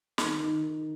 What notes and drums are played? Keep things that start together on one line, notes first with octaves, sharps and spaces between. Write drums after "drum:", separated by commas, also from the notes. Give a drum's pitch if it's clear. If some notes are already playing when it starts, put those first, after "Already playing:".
D#3, drum: snare
D#3
D#3